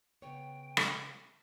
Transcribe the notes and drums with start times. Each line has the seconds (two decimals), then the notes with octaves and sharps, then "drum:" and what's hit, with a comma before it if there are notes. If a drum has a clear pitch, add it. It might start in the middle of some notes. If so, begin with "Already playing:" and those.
0.22 C#3 B3 C#5 G5
0.77 drum: rim click